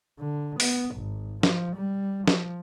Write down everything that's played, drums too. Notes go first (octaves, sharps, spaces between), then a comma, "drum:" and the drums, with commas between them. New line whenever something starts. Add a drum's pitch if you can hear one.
D3
B3, drum: open hi-hat
G#1
F3, drum: snare
G3
F3, drum: snare